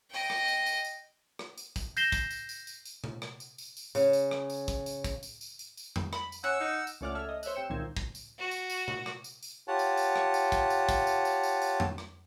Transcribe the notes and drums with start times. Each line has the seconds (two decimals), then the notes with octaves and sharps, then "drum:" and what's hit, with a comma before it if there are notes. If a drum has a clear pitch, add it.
0.10 D#5 G5
0.30 drum: rim click
0.48 drum: tambourine
0.66 drum: tambourine
0.85 drum: tambourine
1.39 drum: rim click
1.58 drum: tambourine
1.76 drum: kick, tambourine
1.97 G6 A#6 C7 E7 G7, drum: tambourine
2.12 drum: kick, tambourine
2.31 drum: tambourine
2.49 drum: tambourine
2.67 drum: tambourine
2.85 drum: tambourine
3.04 drum: tom C3
3.22 drum: rim click
3.40 drum: tambourine
3.58 drum: tambourine
3.77 drum: tambourine
3.95 C#3, drum: tambourine
4.13 drum: tambourine
4.31 drum: rim click
4.50 drum: tambourine
4.68 drum: kick, tambourine
4.86 drum: tambourine
5.04 drum: kick, tambourine
5.23 drum: tambourine
5.41 drum: tambourine
5.59 drum: tambourine
5.77 drum: tambourine
5.96 drum: tom F2
6.13 B5, drum: rim click
6.32 drum: tambourine
6.44 C#4 F#5 E6 F#6
6.60 D#4
6.87 drum: tambourine
7.01 C#2 A3 C#4 D5 F#5 F6
7.15 A4 E5 F6 G#6
7.29 D#5
7.43 C5 C#5 E5 E6 F#6, drum: tambourine
7.55 C3 G5 C#7 E7
7.70 C#2 A#2 D#3 C4 G#6
7.97 drum: kick
8.15 drum: tambourine
8.39 F#4
8.51 drum: tambourine
8.70 drum: tambourine
8.88 drum: tom C3
9.06 drum: rim click
9.24 drum: tambourine
9.43 drum: tambourine
9.68 F4 G4 C#5 F#5 A5
9.79 drum: tambourine
9.97 drum: tambourine
10.16 drum: rim click
10.34 drum: tambourine
10.52 drum: kick, tambourine
10.70 drum: tambourine
10.89 drum: kick, tambourine
11.07 drum: tambourine
11.25 drum: tambourine
11.43 drum: tambourine
11.62 drum: tambourine
11.80 drum: tom F2
11.98 drum: rim click